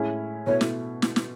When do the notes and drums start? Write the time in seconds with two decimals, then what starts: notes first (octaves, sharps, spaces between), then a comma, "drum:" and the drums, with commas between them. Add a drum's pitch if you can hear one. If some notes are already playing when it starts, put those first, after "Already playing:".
Already playing: A2 G#3 C#4 E4 G#4
0.47 B2 A3 E4 C#5
0.61 drum: snare
1.02 drum: snare
1.16 drum: snare